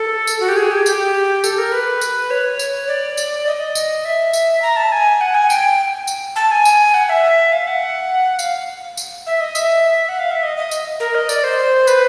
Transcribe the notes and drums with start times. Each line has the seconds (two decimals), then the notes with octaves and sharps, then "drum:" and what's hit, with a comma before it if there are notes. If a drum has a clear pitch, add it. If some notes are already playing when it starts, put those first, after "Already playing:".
Already playing: A4
0.27 drum: tambourine
0.40 F#4
0.49 G4
0.57 G#4
0.71 G4
0.86 G4, drum: tambourine
1.44 A4, drum: tambourine
1.58 A#4
1.72 B4
2.01 drum: tambourine
2.31 C#5
2.59 drum: tambourine
2.88 D5
3.17 drum: tambourine
3.47 D#5
3.75 drum: tambourine
4.05 E5
4.33 drum: tambourine
4.62 A#5
4.76 A5
4.92 G#5
5.21 F#5
5.34 G#5
5.50 G5, drum: tambourine
6.07 drum: tambourine
6.36 A5
6.51 G#5
6.65 drum: tambourine
6.94 F#5
7.09 E5
7.52 F5
7.67 F#5
8.39 F5, drum: tambourine
8.97 drum: tambourine
9.27 E5
9.41 D#5
9.55 E5, drum: tambourine
10.09 F#5
10.20 F5
10.31 E5
10.43 D#5
10.57 D#5
10.71 drum: tambourine
11.00 A#4
11.15 D#5
11.29 D5, drum: tambourine
11.44 C5
11.87 B4, drum: tambourine